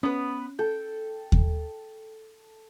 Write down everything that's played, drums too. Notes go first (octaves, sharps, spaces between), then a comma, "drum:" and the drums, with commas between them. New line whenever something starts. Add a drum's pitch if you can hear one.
B3 C#4 B4
A4 G5
drum: kick D#2